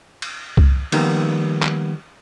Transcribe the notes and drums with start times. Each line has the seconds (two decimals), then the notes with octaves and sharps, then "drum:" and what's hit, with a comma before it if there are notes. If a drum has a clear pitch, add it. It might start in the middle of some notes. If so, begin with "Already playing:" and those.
0.22 drum: cymbal
0.57 drum: kick C2
0.92 D#3 F3 G3 A#3 B3 D#4, drum: cymbal
1.63 drum: clap